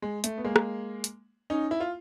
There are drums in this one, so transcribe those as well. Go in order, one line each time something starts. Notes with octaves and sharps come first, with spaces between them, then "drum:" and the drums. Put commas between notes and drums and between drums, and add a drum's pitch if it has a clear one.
G#3
A3, drum: hi-hat
B3
G#3 A#3
drum: rim click
drum: hi-hat
C#4 D#4
E4
F4